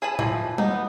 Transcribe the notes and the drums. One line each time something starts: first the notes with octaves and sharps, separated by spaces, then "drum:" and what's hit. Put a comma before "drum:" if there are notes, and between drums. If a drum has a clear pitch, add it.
G#4 B4 A5 B5
E3 F3, drum: tom A2
B3 D#4, drum: tom G3